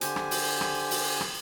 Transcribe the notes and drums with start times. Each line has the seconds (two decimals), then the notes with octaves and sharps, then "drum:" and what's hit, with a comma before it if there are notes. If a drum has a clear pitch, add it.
0.01 D3 G4 C5 G#5, drum: hi-hat
0.16 drum: rim click
0.31 drum: open hi-hat
0.61 drum: rim click
0.91 drum: open hi-hat
1.21 drum: rim click